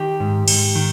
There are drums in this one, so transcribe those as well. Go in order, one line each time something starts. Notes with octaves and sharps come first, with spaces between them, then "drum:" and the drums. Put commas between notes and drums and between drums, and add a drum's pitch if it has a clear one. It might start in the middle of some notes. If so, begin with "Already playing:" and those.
Already playing: D#3 G4
G#2
G#2, drum: cymbal
D#3